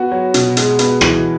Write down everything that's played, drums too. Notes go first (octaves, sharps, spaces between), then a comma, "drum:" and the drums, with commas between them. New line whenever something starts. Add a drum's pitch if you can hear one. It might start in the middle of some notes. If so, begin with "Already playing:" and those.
Already playing: B3 F#4
F#3
B2, drum: hi-hat
G#3, drum: hi-hat
B3, drum: hi-hat
E3, drum: rim click